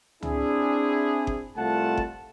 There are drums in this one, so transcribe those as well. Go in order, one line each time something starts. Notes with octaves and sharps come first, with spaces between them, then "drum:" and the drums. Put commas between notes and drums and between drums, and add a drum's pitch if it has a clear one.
C4 D4 E4 G#4, drum: tom
drum: kick G1
C2 G3 A3 F4 F#5 A5
drum: kick G1